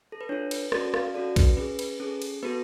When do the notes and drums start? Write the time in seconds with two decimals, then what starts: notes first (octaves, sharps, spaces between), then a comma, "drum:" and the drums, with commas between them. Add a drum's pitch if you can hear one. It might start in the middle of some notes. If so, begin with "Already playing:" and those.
0.12 A4
0.21 B4
0.29 D4 F4 A4 C#5
0.51 B4, drum: cymbal
0.72 C#4 F#4 A4 D5, drum: rim click
0.94 F5, drum: rim click
1.14 C#4 F#4 A4 D5
1.36 B4, drum: kick A#1, cymbal
1.57 C#4 G#4 B4
1.79 B4, drum: cymbal
2.00 C#4 G#4 A4
2.22 drum: cymbal
2.43 B3 F#4 A4 B4